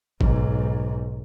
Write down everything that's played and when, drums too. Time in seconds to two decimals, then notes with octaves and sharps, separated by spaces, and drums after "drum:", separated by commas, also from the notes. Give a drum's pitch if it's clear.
0.21 B1 G#2, drum: kick G#1